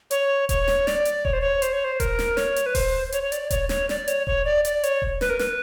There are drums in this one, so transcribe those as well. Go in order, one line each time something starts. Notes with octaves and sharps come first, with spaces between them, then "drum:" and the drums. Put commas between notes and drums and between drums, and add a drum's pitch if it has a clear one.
C#5, drum: hi-hat
C#5, drum: kick D#1, hi-hat
drum: snare
D5, drum: snare
drum: hi-hat
C#5, drum: kick D#1
C5
C#5
C5, drum: hi-hat
C#5
C5
A#4, drum: kick D#1, hi-hat
drum: snare
C#5, drum: snare
drum: hi-hat
B4
C5, drum: kick D#1, open hi-hat
C5
C#5, drum: hi-hat
C#5
D5, drum: hi-hat
C#5, drum: kick D#1, hi-hat
C#5, drum: snare
D5, drum: snare
C#5, drum: hi-hat
C#5, drum: kick D#1
D5
D5, drum: hi-hat
C#5, drum: hi-hat
drum: kick D#1
B4, drum: snare
A#4
B4, drum: snare